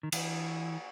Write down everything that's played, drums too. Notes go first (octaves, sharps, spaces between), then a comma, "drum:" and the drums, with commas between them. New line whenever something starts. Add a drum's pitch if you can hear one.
D#3
E3, drum: cymbal